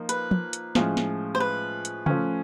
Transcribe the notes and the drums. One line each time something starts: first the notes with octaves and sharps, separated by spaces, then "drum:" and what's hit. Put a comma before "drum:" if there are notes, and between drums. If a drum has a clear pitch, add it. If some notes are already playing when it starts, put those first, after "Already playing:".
Already playing: F3 A#3 D#4
B4, drum: hi-hat
drum: tom
drum: hi-hat
A2 F3 G#3 C#4, drum: snare
drum: snare
C5
B4
drum: hi-hat
F3 A3 C#4, drum: tom C#3